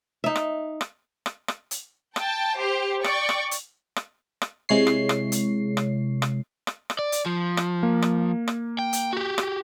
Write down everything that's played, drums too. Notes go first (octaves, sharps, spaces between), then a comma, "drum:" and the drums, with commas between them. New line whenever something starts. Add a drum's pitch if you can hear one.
D#4 E5
drum: rim click
drum: rim click
drum: rim click
drum: rim click
drum: hi-hat
G5 A5, drum: rim click
G4 C5
D5 G5 C#6, drum: rim click
drum: rim click
drum: hi-hat
drum: rim click
drum: rim click
C3 G#3 E4 C#5 C7
drum: rim click
drum: rim click
drum: hi-hat
drum: rim click
drum: rim click
drum: rim click
drum: rim click
D5
drum: hi-hat
F3
drum: rim click
A#3
drum: rim click
drum: rim click
G5
drum: hi-hat
F#4 G4
drum: rim click